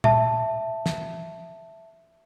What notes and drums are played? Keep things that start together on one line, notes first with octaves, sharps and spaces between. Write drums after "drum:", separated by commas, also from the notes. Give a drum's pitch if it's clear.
E5 A5, drum: tom
drum: snare